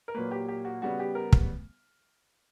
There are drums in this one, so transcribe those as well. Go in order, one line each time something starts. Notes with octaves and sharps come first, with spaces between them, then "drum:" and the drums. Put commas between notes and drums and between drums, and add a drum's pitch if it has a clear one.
A#4
A#2 F#3 A#3 B4
G4
G4
F#4
C#3 G3 B3 F#4
G4
A#4
drum: kick